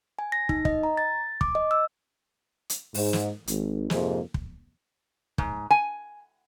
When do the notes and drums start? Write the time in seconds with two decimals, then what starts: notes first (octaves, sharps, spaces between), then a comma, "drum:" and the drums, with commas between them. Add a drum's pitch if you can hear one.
0.19 G#5
0.32 A#6
0.49 D#4, drum: kick
0.65 D#5, drum: kick
0.83 A#5
0.97 A6
1.41 D6, drum: kick
1.55 D#5
1.71 E6
2.70 drum: hi-hat
2.94 G#2, drum: open hi-hat
3.13 drum: snare
3.47 G#1, drum: hi-hat
3.90 F2 G#2 C3 G#3 A#3, drum: snare
4.34 drum: kick
5.38 G#2, drum: kick
5.71 G#5